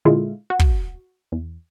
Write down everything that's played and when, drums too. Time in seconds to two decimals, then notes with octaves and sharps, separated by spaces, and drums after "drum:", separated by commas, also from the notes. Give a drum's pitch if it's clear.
0.05 A#2 D3 G#3 E4 F4
0.50 F#4
0.59 drum: kick
1.32 E2